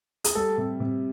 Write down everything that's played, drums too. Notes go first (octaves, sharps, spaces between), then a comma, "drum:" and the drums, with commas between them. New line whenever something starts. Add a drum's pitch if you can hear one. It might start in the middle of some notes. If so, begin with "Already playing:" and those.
G#4, drum: hi-hat
G3 A4
C3
C3